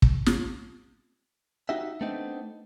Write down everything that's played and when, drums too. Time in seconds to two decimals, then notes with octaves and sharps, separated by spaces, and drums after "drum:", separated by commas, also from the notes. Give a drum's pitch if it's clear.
0.02 drum: kick
0.26 drum: snare
1.69 D#4 F#4 G4 E5
2.01 A3 B3 C4 D4 D#4